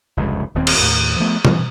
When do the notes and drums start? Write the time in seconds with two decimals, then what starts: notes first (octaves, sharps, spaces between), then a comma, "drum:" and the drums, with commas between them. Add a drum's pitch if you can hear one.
0.17 F1 C#2 G2
0.55 D#1 D#2 C4
0.67 drum: cymbal
0.79 D#2 A2
1.20 F3 A3 B3
1.45 G2 E3, drum: tom B2